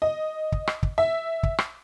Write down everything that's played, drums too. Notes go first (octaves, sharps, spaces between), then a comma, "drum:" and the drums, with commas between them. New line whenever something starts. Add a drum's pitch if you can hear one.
D#5
drum: kick
drum: rim click
drum: kick
E5
drum: kick
drum: rim click